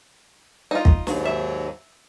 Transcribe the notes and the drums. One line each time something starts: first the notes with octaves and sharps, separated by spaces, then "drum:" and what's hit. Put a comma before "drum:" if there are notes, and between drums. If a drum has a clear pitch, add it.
D#4 F4
drum: kick
D#2 G#2 F#3, drum: snare
E5